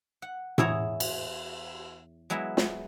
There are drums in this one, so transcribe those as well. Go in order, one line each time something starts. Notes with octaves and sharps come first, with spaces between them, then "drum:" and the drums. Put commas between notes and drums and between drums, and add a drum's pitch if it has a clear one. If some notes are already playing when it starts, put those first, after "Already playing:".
F#5
E2 E4 G#4 C#5 A#5, drum: tom A2
drum: cymbal
F#3 G#3 B3 E4
drum: snare